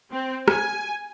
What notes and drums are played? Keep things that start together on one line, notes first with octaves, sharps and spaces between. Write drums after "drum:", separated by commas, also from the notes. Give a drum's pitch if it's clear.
C4
G#5, drum: rim click